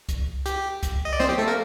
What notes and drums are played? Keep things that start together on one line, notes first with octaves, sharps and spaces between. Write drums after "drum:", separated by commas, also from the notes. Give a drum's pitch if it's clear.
drum: kick C2, hi-hat
G4, drum: hi-hat
drum: kick C2, hi-hat
D#5
D5
C4 C5, drum: snare
G4
A3 A4
A#3 A#4